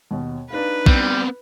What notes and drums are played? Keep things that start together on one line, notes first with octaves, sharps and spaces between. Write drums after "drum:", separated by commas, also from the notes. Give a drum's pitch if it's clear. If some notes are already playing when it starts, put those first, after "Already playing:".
D#2 B2
D4 D#4 B4 F5
G3 B3 C4, drum: kick